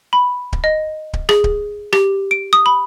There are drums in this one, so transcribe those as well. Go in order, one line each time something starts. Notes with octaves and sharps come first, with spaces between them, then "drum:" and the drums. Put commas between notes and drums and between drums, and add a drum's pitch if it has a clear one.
B5
drum: kick D1
D#5
drum: kick D1
G#4, drum: rim click
drum: kick D1
G4, drum: rim click
D7
D#6
B5